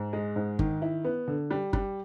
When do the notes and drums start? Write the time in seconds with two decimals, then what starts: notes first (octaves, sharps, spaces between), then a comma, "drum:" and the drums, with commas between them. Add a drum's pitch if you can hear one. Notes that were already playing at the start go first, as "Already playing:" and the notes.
Already playing: G#2
0.13 G#3
0.36 G#2
0.59 D#3, drum: kick G1
0.82 E4
1.04 B3
1.28 D3
1.50 G3
1.73 G3, drum: kick G1